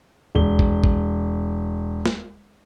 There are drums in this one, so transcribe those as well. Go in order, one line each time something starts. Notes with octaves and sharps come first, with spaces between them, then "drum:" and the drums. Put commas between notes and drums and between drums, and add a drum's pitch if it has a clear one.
E1 G7
drum: kick
drum: kick
drum: snare